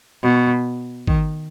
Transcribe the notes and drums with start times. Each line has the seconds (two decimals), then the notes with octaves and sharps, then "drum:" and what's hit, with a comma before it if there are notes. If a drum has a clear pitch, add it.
0.23 B2
1.07 D#3, drum: kick